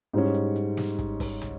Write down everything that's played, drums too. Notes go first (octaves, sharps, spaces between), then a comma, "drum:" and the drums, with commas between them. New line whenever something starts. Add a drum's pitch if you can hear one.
G#2 G3 C#4
drum: hi-hat
drum: hi-hat
drum: snare
drum: kick, hi-hat
drum: kick, open hi-hat
drum: tom